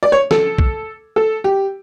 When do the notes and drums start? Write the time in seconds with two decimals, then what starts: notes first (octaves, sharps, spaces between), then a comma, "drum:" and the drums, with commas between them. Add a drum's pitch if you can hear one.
0.03 D5
0.12 C#5
0.31 A4, drum: snare
0.58 drum: kick B1
1.16 A4
1.44 G4